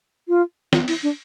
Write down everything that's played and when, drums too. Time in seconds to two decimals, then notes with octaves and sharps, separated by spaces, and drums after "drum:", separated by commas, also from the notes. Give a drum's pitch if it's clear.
0.28 F4
0.73 F4, drum: snare
0.88 E4, drum: open hi-hat
1.03 D4